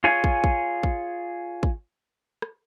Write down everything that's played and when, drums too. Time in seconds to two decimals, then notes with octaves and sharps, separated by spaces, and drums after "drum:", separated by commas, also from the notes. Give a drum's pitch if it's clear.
0.04 F4 G#4 C#5 G#5
0.24 drum: kick
0.44 drum: kick
0.83 drum: kick
1.63 drum: kick
2.42 drum: rim click